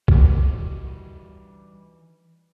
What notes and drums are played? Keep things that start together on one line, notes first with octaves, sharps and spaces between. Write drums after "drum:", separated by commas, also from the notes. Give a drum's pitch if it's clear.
E3 G3 D#4 F#4 F#5, drum: kick B1